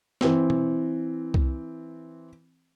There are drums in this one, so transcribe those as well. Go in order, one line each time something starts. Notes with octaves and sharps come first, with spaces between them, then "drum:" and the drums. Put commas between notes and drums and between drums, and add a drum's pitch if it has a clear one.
E3 C4, drum: snare
drum: tom
drum: kick C2